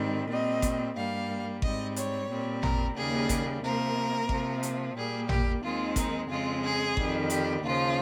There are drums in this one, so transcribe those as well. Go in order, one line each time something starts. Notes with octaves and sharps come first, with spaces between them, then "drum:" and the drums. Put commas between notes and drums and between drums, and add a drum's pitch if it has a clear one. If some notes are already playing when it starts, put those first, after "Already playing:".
Already playing: G#2 D#3 G3 C4
A#2 G3 C4 D#5
drum: kick G#1, hi-hat
G2 G3 A#3 F5
G#2 G3 C4 D#5, drum: kick G#1
C#5, drum: hi-hat
A#2 G3 C4
A#4, drum: tom
D#2 C#3 G3 A#3 G#4
drum: kick G#1, hi-hat
C3 F3 A#3 A#4
C3 F3 A#3, drum: kick G#1
drum: hi-hat
A#2 G3 A#3 G#4
G4, drum: tom
D#2 D#3 G#3 C4 F4
D#4, drum: kick G#1, hi-hat
F2 C#3 G#3 C4 F4
G#4
F2 D#3 G3, drum: kick G#1
G4, drum: hi-hat
D#2 C#3 F3 F4